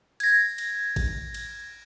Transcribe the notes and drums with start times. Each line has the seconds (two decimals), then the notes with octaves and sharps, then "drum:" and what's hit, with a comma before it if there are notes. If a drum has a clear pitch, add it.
0.20 G#6 A#6, drum: cymbal
0.58 drum: cymbal
0.96 drum: kick A1, cymbal
1.34 drum: cymbal